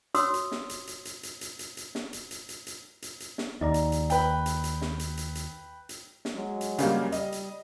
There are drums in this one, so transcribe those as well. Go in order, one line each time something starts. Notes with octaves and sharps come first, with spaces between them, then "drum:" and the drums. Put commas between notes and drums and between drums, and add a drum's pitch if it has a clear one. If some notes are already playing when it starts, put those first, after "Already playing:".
F#4 C#5 C6 D#6 E6, drum: hi-hat
drum: hi-hat
drum: snare
drum: hi-hat
drum: hi-hat
drum: hi-hat
drum: hi-hat
drum: hi-hat
drum: hi-hat
drum: hi-hat
drum: snare
drum: hi-hat
drum: hi-hat
drum: hi-hat
drum: hi-hat
drum: hi-hat
drum: hi-hat
drum: snare
D#2 D#4 D5 A#5
drum: hi-hat
drum: hi-hat
B4 G5, drum: hi-hat
drum: hi-hat
drum: hi-hat
drum: snare
drum: hi-hat
drum: hi-hat
drum: hi-hat
drum: hi-hat
drum: snare
F#3 G#3
drum: hi-hat
C#3 G3 A#3, drum: hi-hat
G3 D#5, drum: hi-hat
drum: hi-hat